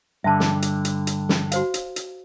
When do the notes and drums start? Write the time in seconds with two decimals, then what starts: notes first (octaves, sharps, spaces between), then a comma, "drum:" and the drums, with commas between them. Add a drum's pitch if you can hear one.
0.24 G2 D3 E5 A5
0.40 drum: snare
0.62 drum: hi-hat
0.85 drum: hi-hat
1.07 drum: hi-hat
1.29 drum: snare
1.52 F#4 C5 F5, drum: hi-hat
1.74 drum: hi-hat
1.96 drum: hi-hat